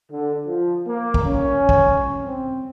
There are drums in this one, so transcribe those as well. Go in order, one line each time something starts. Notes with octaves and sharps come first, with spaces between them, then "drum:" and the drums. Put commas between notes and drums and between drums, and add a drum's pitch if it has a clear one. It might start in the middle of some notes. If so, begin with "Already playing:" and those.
D3
F3
A#3
drum: kick
C#4
drum: kick
C4